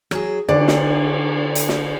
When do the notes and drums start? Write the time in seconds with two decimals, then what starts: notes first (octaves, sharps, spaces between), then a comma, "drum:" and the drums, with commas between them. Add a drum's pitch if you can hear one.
0.11 F#3 G#4, drum: rim click
0.49 D3 D5, drum: cymbal
0.68 drum: snare
1.55 drum: hi-hat
1.69 drum: snare